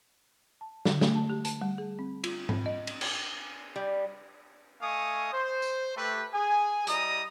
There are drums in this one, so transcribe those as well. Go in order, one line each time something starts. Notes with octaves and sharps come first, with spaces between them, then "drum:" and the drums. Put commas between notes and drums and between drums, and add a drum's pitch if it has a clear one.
A5
D3, drum: snare
A3, drum: snare
A5
G4
A5, drum: hi-hat
G3
G#4
C4
F4, drum: cymbal
C4, drum: tom G#2
D#5
drum: cymbal
drum: cymbal
G3
A3 D#5 F5 G#5 C#6 D#6
C5
drum: tambourine
A3 G4 B4
G#4 G#5
G3 E4 D5 D#5 A#5 D#6, drum: hi-hat